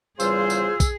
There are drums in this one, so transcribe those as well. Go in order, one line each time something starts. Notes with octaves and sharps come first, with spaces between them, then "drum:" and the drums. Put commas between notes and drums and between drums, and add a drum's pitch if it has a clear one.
E2 C#3 G3 F4 G#4 C5 E6, drum: tambourine
drum: tambourine
drum: kick, tambourine